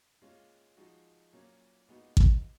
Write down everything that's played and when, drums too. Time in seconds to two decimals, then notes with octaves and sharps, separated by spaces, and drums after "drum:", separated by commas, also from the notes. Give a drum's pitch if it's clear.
0.21 A#2 G#3 C#4 F4
0.77 F3 G#3 D#4 F#4
1.33 A#2 F#3 A#3 C#4
1.88 A#2 G#3 B3 D#4 F#4
2.17 drum: kick A1